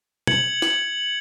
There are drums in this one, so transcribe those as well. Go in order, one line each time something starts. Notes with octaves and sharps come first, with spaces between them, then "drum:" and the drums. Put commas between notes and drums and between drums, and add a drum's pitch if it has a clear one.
G#6 C#7 F#7, drum: tom
drum: snare